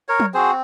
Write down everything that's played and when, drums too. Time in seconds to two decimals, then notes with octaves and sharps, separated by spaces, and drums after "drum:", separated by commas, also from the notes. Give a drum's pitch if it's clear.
0.09 A#4 C#5
0.20 drum: tom
0.34 C4 F#4 G#4 C5